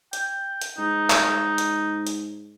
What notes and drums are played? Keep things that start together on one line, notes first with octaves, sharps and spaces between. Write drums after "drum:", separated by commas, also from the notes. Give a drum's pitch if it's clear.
G5, drum: hi-hat
drum: hi-hat
G#2 D#4
drum: clap
drum: hi-hat
drum: hi-hat